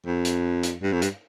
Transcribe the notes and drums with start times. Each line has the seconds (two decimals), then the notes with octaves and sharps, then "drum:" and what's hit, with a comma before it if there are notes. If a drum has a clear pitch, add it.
0.06 F2
0.25 drum: hi-hat
0.63 drum: hi-hat
0.82 G2
0.92 F2
1.02 G2, drum: hi-hat